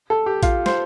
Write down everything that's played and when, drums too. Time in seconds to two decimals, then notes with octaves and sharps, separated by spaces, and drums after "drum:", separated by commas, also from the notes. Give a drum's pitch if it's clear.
0.10 A4
0.26 G4
0.43 F4, drum: kick, hi-hat
0.66 C5, drum: snare